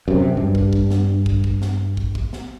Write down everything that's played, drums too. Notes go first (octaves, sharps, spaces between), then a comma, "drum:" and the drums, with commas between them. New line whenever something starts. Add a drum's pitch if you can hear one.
F#2 C3
G2
drum: kick
drum: kick
drum: snare
drum: kick
drum: kick
drum: snare
drum: kick
drum: kick
drum: snare